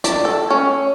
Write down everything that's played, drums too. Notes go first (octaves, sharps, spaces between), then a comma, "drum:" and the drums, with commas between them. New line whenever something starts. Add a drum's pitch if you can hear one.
D5, drum: hi-hat
A4
C#4